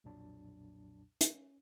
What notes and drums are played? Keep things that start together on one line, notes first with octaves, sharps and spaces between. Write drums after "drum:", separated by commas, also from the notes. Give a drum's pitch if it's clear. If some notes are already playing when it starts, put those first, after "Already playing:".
B1 F2 A#2 F#3 D4 A5
C#4, drum: hi-hat